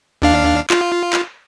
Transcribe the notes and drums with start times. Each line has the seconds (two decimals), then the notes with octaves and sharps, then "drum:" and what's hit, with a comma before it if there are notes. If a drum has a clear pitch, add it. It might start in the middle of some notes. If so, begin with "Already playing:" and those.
0.22 D#2 D4 F5
0.70 F4, drum: clap
1.13 drum: clap